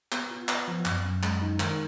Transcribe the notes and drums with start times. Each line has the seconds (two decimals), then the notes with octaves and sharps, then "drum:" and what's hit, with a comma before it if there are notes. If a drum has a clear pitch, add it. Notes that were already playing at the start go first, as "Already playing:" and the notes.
0.12 B3, drum: clap
0.31 F4
0.49 B3, drum: clap
0.68 F3
0.85 F#2, drum: clap
1.05 F#2
1.23 G#3, drum: clap
1.42 D#4
1.60 D#3, drum: clap